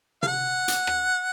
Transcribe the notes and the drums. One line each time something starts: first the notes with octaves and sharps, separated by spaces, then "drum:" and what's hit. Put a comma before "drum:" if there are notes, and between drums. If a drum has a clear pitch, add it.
F5, drum: tom C3
F#5
drum: hi-hat
drum: rim click